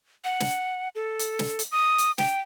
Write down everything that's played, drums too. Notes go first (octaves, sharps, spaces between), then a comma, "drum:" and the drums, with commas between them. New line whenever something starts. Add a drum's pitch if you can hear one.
F#5
drum: snare
A4
drum: hi-hat
drum: snare
drum: hi-hat
D#6
drum: hi-hat
G5, drum: snare